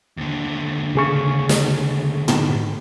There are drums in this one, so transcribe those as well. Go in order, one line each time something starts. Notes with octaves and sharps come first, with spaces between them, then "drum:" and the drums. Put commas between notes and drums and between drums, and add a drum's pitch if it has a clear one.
D#2 D3
C#3 G#4 C#6
drum: snare
drum: tom